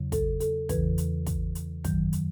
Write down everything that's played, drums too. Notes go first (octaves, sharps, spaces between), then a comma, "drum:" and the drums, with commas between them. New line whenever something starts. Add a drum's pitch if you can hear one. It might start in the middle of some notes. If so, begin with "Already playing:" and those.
Already playing: E2 C#3 F#3
A4, drum: kick, hi-hat
A4, drum: hi-hat
E2 C#3 E3 B4, drum: kick, hi-hat
drum: hi-hat
drum: kick, hi-hat
drum: hi-hat
F#2 D#3 F#3, drum: kick, hi-hat
drum: hi-hat